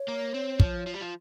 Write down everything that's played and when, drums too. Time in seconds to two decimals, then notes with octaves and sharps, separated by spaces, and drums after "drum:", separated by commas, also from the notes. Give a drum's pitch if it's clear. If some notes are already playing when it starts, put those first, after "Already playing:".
Already playing: C#5
0.08 A#3
0.34 C4
0.60 F3, drum: kick
0.87 F3
0.94 G3
1.01 F3